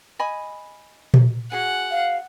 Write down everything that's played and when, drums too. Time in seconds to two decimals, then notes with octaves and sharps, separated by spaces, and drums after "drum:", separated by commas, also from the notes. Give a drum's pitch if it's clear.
0.19 D#5 G#5 B5
1.14 drum: tom A#2
1.52 F#4 G#4 F#5 G#5
1.91 F5